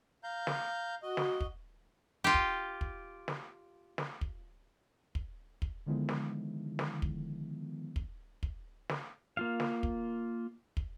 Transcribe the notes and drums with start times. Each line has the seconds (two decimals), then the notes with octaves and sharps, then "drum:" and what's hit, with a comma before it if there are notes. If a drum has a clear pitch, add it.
0.23 F5 A#5 G6
0.47 drum: snare
1.02 F#4 D#5
1.17 drum: snare
1.41 drum: kick
2.24 F4 G4
2.34 drum: kick
2.81 drum: kick
3.28 drum: snare
3.98 drum: snare
4.21 drum: kick
5.15 drum: kick
5.62 drum: kick
5.86 D3 D#3 F3 G#3 B3 E4
6.09 drum: snare
6.79 drum: snare
7.02 drum: kick
7.96 drum: kick
8.43 drum: kick
8.89 drum: snare
9.37 A#3 F4 F5
9.60 drum: snare
9.83 drum: kick
10.77 drum: kick